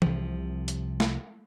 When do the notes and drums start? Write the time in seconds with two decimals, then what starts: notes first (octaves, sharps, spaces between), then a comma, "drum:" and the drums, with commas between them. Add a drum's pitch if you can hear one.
0.02 C2 C3 F3, drum: tom E3
0.68 drum: hi-hat
1.00 drum: snare